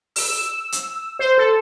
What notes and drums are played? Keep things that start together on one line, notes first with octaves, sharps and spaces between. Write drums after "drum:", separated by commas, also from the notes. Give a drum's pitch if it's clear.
E6, drum: open hi-hat
drum: hi-hat
C5
A4